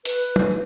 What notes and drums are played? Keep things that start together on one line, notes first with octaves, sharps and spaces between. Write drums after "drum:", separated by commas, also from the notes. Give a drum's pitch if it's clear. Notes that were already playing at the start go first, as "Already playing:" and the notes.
B4, drum: hi-hat
drum: tom